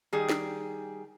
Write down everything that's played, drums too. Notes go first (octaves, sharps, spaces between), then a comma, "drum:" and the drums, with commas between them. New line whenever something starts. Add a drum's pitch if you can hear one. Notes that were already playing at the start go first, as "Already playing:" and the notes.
D#3 G3 G#4
drum: snare